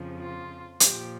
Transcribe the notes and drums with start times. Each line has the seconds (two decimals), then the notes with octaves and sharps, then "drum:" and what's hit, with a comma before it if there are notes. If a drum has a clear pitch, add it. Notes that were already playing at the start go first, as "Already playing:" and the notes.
Already playing: F2 C#3 F3
0.19 F4
0.80 A#2 F3 G4, drum: hi-hat